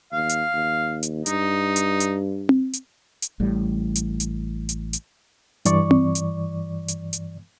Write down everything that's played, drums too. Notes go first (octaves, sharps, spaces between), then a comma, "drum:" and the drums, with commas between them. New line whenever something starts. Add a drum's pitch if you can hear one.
D#2 F5
drum: hi-hat
D#2
drum: hi-hat
G2 D#4, drum: hi-hat
drum: hi-hat
drum: hi-hat
drum: tom C4
drum: hi-hat
drum: hi-hat
A1 A2 G3
drum: hi-hat
drum: hi-hat
drum: hi-hat
drum: hi-hat
G2 E3 D5 C#6, drum: hi-hat
drum: tom C4
drum: hi-hat
drum: hi-hat
drum: hi-hat